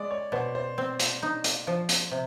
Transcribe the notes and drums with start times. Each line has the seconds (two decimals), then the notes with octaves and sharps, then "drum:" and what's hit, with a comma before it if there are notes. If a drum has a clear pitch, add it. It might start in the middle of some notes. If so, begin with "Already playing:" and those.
Already playing: G#3 D5
0.11 C#5
0.32 B2 C5
0.55 C5
0.78 C4
1.00 drum: hi-hat
1.22 D#4
1.44 drum: hi-hat
1.67 F3
1.89 drum: hi-hat
2.11 C3